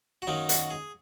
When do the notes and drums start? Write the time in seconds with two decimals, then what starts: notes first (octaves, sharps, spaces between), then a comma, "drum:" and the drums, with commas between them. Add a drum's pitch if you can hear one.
0.22 F#4
0.27 F#2 D#3 F#3 A#3 D#4
0.49 F#4, drum: hi-hat
0.71 G#4